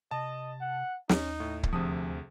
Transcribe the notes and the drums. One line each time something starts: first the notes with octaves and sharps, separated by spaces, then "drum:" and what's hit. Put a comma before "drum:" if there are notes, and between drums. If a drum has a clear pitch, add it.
C3 D#5 A5
F#5
D#2 C#4 D#4, drum: snare
A2
drum: kick C#1
D2 C3 F3 G#4 D#6